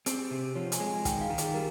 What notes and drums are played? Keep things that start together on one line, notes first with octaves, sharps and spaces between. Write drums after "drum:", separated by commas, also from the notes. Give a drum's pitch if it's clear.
C4 G#4, drum: hi-hat
G4
C3 G#4
C5
F3 C#5
G#5, drum: hi-hat
G#3
G#5
D#3 G5, drum: kick, hi-hat
F5
D#3
G#4, drum: hi-hat
G3 A#4